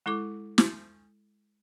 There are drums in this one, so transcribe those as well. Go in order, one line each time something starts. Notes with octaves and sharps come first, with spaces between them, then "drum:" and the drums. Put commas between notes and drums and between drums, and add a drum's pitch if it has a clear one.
G#3 E4 A4 D6
drum: snare